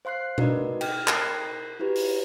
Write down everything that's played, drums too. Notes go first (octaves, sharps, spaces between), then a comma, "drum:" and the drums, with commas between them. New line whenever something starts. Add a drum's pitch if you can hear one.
C5 F5 C6 F#6 C7
D#4 F#4 A#4 B4 D5 D#5, drum: tom B2
G5 F6, drum: cymbal
A#4 F#6 A#6 C7, drum: clap
E4 F#4 G4 B4
drum: open hi-hat